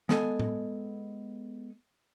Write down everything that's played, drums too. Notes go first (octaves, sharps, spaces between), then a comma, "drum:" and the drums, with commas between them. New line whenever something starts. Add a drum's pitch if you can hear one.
G#3 B3 A4 D#5 G#5, drum: snare
drum: tom A2